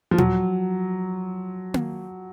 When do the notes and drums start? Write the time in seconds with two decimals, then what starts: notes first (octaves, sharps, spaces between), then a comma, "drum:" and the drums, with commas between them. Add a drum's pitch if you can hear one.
0.11 F3
0.18 F#3, drum: tom A#2
1.74 drum: tom A#3